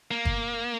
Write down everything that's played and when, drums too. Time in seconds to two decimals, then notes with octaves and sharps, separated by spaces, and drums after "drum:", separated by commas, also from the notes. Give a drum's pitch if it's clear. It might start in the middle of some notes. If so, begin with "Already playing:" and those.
0.11 A#3
0.25 drum: kick